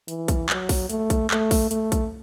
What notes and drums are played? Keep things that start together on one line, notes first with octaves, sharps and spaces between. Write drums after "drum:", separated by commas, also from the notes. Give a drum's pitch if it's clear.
E3, drum: hi-hat
drum: kick, hi-hat
F#3, drum: clap
drum: kick, open hi-hat
A3, drum: hi-hat
drum: kick, hi-hat
A3, drum: clap
drum: kick, open hi-hat
A3, drum: hi-hat
drum: kick, hi-hat